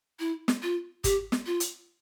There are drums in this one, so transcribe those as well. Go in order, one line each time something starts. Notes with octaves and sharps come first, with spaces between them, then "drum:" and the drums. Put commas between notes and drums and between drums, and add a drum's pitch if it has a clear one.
E4
drum: snare
F4
G4, drum: kick G1, hi-hat
drum: snare
F4
drum: hi-hat